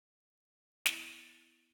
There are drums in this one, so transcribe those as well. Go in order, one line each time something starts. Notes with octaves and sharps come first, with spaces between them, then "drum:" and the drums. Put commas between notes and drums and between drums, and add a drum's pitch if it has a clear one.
B3 E4 A6, drum: snare